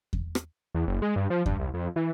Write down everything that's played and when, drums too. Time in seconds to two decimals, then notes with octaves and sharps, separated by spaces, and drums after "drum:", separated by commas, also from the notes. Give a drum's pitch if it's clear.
0.13 drum: kick E2
0.35 drum: rim click
0.75 E2
0.88 F#1
1.02 G#3
1.16 G2
1.30 F3
1.46 G2, drum: kick E2
1.59 C2
1.74 F2
1.96 E3